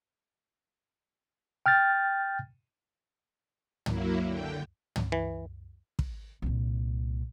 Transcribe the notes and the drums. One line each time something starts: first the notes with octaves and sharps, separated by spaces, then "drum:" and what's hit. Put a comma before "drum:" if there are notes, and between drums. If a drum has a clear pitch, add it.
G5 F6 G6 A6
F#3 A#3 E4, drum: tom
D3 G5
drum: tom
E3
drum: kick
C2 A#2